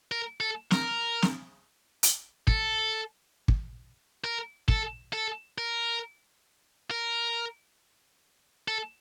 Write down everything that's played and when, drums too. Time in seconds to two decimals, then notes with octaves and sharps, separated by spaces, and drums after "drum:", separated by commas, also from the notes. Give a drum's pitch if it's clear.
0.11 A#4
0.41 A4
0.71 A#4, drum: snare
1.22 drum: snare
2.03 drum: hi-hat
2.47 A4, drum: kick
3.48 drum: kick
4.24 A#4
4.68 A4, drum: kick
5.13 A4
5.58 A#4
6.91 A#4
8.68 A4